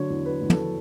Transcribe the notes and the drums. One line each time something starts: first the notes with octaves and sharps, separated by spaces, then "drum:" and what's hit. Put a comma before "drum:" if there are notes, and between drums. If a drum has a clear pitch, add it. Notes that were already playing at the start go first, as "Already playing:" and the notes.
Already playing: D3 F#3 C#5
E2
F#3 B4
E2
A4, drum: tom
D3